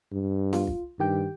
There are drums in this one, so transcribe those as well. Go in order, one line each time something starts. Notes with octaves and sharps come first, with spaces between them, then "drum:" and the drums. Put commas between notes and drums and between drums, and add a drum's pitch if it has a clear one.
G2
F4, drum: snare B3
drum: kick
G2 D#3 G4 G5